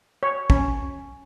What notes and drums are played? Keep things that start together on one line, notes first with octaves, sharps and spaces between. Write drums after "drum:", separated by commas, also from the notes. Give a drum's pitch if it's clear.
C#5
C#4, drum: kick